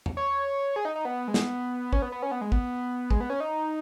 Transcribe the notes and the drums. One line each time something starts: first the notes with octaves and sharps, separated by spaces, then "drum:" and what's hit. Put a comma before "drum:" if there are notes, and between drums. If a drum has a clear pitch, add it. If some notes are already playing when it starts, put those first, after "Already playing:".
drum: tom E2
C#5
G#4
D#4
D#4
B3
G#3
B3, drum: snare
C#4, drum: kick
B3
B3
C#4
B3
G#3
B3, drum: kick
G#3, drum: kick
B3
C#4
D#4